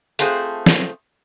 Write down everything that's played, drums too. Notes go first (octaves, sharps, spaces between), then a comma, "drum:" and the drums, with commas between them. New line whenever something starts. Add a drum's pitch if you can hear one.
A3 C4 F4 G#4 B4 C5, drum: hi-hat
drum: snare